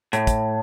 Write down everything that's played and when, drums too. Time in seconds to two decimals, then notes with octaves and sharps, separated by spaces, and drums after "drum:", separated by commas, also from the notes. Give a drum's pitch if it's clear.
0.13 A2, drum: hi-hat
0.27 drum: kick, hi-hat